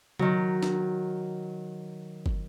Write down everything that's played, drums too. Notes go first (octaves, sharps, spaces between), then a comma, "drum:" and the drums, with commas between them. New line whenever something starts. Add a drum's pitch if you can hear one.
D#3 F#3, drum: tom C#3
drum: snare
drum: kick